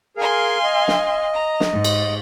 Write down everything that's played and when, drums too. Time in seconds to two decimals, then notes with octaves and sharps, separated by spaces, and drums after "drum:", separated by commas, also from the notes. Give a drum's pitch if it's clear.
0.17 G#4 A#4 F5 G#5 C6
0.64 D#5
0.88 drum: snare
1.33 A#5
1.60 drum: snare
1.73 G#2
1.84 drum: cymbal